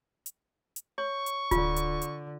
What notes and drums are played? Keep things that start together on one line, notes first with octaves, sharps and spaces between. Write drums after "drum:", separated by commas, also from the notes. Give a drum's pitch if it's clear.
drum: hi-hat
drum: hi-hat
C#5 C#6
drum: hi-hat
D3 F4, drum: kick D1, hi-hat
drum: hi-hat
drum: hi-hat